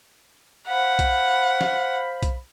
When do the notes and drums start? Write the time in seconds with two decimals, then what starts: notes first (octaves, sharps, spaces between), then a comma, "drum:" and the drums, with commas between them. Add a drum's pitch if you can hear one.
0.68 C5 F5 F#5 B5
0.99 drum: kick B1, hi-hat
1.61 drum: snare
2.23 drum: kick B1, hi-hat